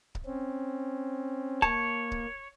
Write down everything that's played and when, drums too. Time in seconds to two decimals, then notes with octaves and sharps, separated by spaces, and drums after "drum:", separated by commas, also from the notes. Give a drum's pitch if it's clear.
0.15 drum: kick C#1
0.26 C4 C#4
1.62 A#3 C#5 A5, drum: kick C#1
2.11 drum: kick C#1